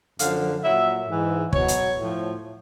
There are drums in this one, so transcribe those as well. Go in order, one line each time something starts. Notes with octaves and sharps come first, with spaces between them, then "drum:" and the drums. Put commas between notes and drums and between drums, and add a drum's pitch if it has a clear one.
F#2 D3 F3 F5, drum: hi-hat
A#2 F#3 E5
G#2 E3
B2 F#3 C#5, drum: kick
drum: hi-hat
A2 F3